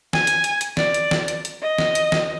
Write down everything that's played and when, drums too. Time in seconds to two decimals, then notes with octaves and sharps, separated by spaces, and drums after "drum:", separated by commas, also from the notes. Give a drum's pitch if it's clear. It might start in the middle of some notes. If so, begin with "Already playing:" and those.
0.13 G#5, drum: snare
0.27 drum: hi-hat
0.44 drum: hi-hat
0.61 drum: hi-hat
0.77 D5, drum: snare
0.94 drum: hi-hat
1.11 drum: snare
1.28 drum: hi-hat
1.45 drum: hi-hat
1.62 D#5
1.78 drum: snare
1.95 drum: hi-hat
2.12 drum: snare